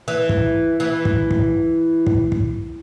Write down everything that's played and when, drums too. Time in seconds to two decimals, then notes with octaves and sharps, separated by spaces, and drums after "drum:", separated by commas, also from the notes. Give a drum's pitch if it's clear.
0.08 E3
0.29 drum: kick
0.80 E3
1.05 drum: kick
1.31 drum: kick
2.06 drum: kick
2.32 drum: kick